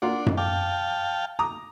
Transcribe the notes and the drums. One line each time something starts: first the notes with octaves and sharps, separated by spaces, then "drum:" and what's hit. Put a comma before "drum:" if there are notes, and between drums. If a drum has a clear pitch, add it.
A#3 D4 F4 F#5
drum: tom F#2
F5 G5 A5 D6
A#5 D6 D#6